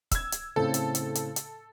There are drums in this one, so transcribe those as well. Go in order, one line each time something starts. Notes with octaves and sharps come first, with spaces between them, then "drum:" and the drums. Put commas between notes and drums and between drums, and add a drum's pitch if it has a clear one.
E6 G#6, drum: kick, hi-hat
drum: hi-hat
A2 C#3 C4 A4
drum: hi-hat
drum: hi-hat
drum: hi-hat
drum: hi-hat